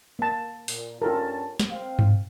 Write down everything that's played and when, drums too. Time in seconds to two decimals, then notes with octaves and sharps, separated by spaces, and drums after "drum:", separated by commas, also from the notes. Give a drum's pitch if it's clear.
0.19 A#3 A5
0.68 A#2, drum: open hi-hat
1.02 G2 C#4 F4 A4 A#4 A5
1.60 drum: snare
1.71 C4 F5
1.99 drum: tom G2